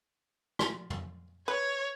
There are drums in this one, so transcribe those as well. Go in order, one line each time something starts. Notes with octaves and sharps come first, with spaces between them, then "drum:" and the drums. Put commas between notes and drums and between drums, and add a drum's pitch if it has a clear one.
drum: rim click
drum: tom
B4 C#5